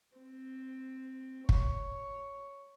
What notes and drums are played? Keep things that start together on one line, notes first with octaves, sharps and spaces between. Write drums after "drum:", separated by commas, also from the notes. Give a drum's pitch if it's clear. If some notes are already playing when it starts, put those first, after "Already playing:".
C4
C#5, drum: kick